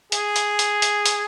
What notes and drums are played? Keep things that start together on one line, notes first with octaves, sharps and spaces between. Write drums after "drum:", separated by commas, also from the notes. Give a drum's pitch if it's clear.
G#4, drum: hi-hat
drum: hi-hat
drum: hi-hat
drum: hi-hat
drum: hi-hat